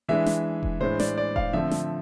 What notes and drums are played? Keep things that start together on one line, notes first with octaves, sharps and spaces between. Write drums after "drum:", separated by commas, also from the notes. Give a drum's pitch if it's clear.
E3 G#3 D4 E5
drum: snare
drum: kick E1
A2 E3 G#3 D4 C5
D5, drum: snare
D5
F5, drum: kick E1
D3 F3 A3 C4 E5
drum: snare